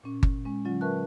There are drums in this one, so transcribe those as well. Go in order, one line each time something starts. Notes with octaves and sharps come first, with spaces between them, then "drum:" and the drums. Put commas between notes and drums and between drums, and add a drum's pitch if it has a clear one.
A#2 C#4
drum: kick G1
G#3 C#4
D3 F#3 C#4 F4
A#4 B4 E5 A5 C#6 F#6